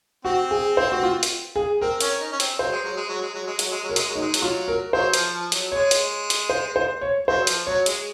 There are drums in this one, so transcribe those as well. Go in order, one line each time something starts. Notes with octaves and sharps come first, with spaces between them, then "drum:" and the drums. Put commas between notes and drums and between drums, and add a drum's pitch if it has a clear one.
C4 F#4
G#4
C5
F#4
F4
drum: hi-hat
G#4
C4 A#4
C#4, drum: hi-hat
D#4
C#4
C4, drum: hi-hat
F#3 C5
G#3
F#3
G#3
F#3
G#3
F#3
G#3
F#3, drum: hi-hat
G#3
F#3
A#4
G#3, drum: hi-hat
F#3
D#4
G#3
F#3, drum: hi-hat
F4
A#4
F#3 C5
F3, drum: hi-hat
F3
F#3, drum: hi-hat
G#3 C#5
drum: hi-hat
drum: hi-hat
C5
C5
C#5
F#3 C5
F3, drum: hi-hat
F#3 C#5
G#3, drum: hi-hat